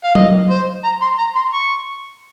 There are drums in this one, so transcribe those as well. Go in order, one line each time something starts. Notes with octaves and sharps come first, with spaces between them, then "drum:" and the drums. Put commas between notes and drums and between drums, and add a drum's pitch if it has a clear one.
F5
D#5, drum: tom F#3
C5
A#5
C6
A#5
C6
C#6